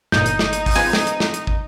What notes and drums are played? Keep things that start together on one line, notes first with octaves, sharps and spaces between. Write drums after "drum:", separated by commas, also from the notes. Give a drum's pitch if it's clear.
G1 A#2 D#4 G6, drum: snare
drum: hi-hat
drum: snare
drum: hi-hat
drum: kick, open hi-hat
C4 F4 B4 G#5
drum: snare
drum: hi-hat
drum: snare
drum: hi-hat
drum: kick